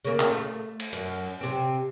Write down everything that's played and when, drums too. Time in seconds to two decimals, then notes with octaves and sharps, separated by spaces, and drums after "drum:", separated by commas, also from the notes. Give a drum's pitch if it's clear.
0.05 C#3 A#3
0.20 drum: clap
0.31 A3
0.80 drum: cymbal
0.93 F#2, drum: hi-hat
1.41 C3 C4